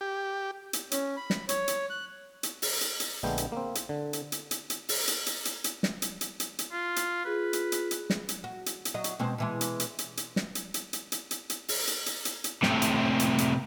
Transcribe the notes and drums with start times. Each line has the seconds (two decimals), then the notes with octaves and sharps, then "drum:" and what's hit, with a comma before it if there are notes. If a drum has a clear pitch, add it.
0.01 G4
0.73 drum: hi-hat
0.91 C#4, drum: hi-hat
1.17 B5
1.30 drum: snare
1.49 C#5, drum: hi-hat
1.68 drum: hi-hat
1.90 F#6
2.43 drum: hi-hat
2.62 drum: open hi-hat
2.81 drum: hi-hat
3.00 drum: hi-hat
3.23 A#1 D3 G#3 A3 B3 G5
3.38 drum: hi-hat
3.52 A#3 C4
3.75 drum: hi-hat
3.89 D3
4.13 drum: hi-hat
4.32 drum: hi-hat
4.51 drum: hi-hat
4.70 drum: hi-hat
4.89 drum: open hi-hat
5.08 drum: hi-hat
5.26 drum: hi-hat
5.45 drum: hi-hat
5.64 drum: hi-hat
5.83 drum: snare
6.02 drum: hi-hat
6.21 drum: hi-hat
6.40 drum: hi-hat
6.59 drum: hi-hat
6.72 F4
6.96 drum: hi-hat
7.25 F4 G#4 B4
7.53 drum: hi-hat
7.72 drum: hi-hat
7.91 drum: hi-hat
8.10 drum: snare
8.29 drum: hi-hat
8.44 F#4
8.66 drum: hi-hat
8.85 drum: hi-hat
8.94 F#3 D#5
9.04 drum: hi-hat
9.19 B2 G#3 C4
9.38 B2 E3 G#3
9.61 drum: hi-hat
9.80 drum: hi-hat
9.99 drum: hi-hat
10.17 drum: hi-hat
10.36 drum: snare
10.55 drum: hi-hat
10.74 drum: hi-hat
10.93 drum: hi-hat
11.12 drum: hi-hat
11.31 drum: hi-hat
11.50 drum: hi-hat
11.68 drum: open hi-hat
11.87 drum: hi-hat
12.06 drum: hi-hat
12.25 drum: hi-hat
12.44 drum: hi-hat
12.63 A2 C3, drum: snare
12.82 drum: hi-hat
13.20 drum: hi-hat
13.38 drum: hi-hat